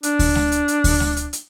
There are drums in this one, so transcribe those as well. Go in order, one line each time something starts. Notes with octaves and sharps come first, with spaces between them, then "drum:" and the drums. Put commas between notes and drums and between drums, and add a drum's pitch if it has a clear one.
D4, drum: hi-hat
drum: kick D2, open hi-hat
drum: snare G#3
drum: hi-hat
drum: hi-hat
drum: kick D2, open hi-hat
drum: snare G#3
drum: hi-hat
drum: hi-hat